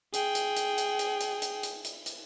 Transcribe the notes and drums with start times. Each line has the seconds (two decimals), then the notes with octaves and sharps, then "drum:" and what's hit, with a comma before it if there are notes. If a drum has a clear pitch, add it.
0.14 G#4 G5, drum: hi-hat
0.35 drum: hi-hat
0.57 drum: hi-hat
0.78 drum: hi-hat
0.99 drum: hi-hat
1.21 drum: hi-hat
1.42 drum: hi-hat
1.63 drum: hi-hat
1.85 drum: hi-hat
2.06 drum: hi-hat